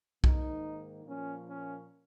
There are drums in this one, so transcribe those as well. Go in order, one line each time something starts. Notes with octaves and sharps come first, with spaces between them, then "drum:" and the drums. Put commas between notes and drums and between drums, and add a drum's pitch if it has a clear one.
G#2 D#3 A#3 D#4, drum: kick B1
A#2 F3 A#3 C#4
C#4